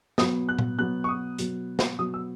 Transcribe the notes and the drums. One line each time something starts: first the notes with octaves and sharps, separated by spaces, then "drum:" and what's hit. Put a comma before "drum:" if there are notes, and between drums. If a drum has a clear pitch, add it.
B2 F#3 B3 D#6, drum: snare
F#6
drum: tom A#2
B2 F#3 B3 F#6
C#6
D#6
B2 F#3 B3, drum: hi-hat
drum: snare
B2 F#3 B3 D#6
E6